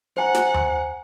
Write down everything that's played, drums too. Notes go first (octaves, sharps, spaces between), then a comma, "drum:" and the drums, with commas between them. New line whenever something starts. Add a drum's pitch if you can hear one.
C5 F#5 G#5 A#5
drum: snare
drum: tom D#2